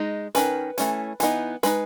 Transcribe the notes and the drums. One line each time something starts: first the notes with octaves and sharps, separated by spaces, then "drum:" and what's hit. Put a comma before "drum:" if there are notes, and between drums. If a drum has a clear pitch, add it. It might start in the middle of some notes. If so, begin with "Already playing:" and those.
Already playing: G#3 D#4
D#3 F#3 C#4 B4, drum: hi-hat
E3 A3 C#4, drum: hi-hat
E3 B3 D#4, drum: hi-hat
G#3 D#4 B4, drum: hi-hat